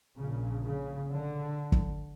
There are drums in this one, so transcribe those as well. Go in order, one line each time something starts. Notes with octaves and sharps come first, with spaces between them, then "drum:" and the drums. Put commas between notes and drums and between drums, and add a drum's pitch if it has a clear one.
A#1 A#2 C#3
C#3
D3
drum: kick